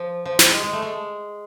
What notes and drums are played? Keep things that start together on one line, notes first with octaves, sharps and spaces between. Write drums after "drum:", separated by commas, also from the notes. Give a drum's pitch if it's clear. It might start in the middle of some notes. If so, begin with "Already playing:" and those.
Already playing: F3
F3
G3, drum: snare
G#3
G#3
A3
G#3